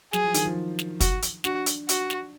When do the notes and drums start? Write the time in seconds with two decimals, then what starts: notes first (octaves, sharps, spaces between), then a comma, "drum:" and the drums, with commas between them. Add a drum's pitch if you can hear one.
0.13 F#3 G#4, drum: snare
0.24 F3
0.34 D#3, drum: hi-hat
0.45 F3
0.79 drum: snare
1.00 F#4, drum: kick, hi-hat
1.22 drum: hi-hat
1.44 D4 F#4, drum: snare
1.66 drum: hi-hat
1.89 F#4, drum: hi-hat
2.10 drum: snare